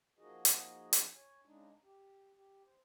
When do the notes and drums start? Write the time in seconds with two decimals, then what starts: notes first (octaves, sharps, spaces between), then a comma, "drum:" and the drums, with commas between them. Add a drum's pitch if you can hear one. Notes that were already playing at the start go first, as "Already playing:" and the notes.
0.19 F3 A#3 D#4 F#4 G#4 D#5
0.45 drum: hi-hat
0.93 drum: hi-hat
1.14 C#5 G#5
1.46 C#3 G#3 D4 D#4
1.84 G4
2.36 G4
2.66 C5